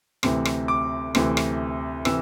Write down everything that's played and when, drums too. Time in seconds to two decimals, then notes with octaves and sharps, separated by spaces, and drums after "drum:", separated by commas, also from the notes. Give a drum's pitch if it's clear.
0.23 D2 C3 E3, drum: rim click
0.45 drum: rim click
0.68 D6
1.15 D2 C3 E3, drum: rim click
1.37 drum: rim click
2.05 C3 E3 E6, drum: rim click